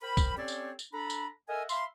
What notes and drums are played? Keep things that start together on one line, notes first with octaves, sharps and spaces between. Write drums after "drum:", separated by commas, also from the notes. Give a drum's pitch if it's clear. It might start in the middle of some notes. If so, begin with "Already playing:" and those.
A#4 C5 G5 B5
drum: kick, tambourine
C4 C#4 G4 A4 C#5 D5
drum: tambourine
drum: tambourine
D4 A4 A#5 B5
drum: tambourine
A4 A#4 D#5 E5 F#5 G#5
E5 F5 B5 C6, drum: tambourine